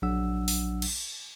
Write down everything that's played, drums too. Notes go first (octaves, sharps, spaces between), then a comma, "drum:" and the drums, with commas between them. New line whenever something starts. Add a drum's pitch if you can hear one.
A#1 F#3 D4 F#5 E6
drum: open hi-hat
drum: cymbal